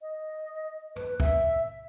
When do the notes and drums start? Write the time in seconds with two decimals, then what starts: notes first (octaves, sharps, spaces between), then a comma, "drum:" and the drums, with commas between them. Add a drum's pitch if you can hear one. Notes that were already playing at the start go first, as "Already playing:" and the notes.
0.02 D#5
0.96 B4, drum: tom
1.20 E5, drum: kick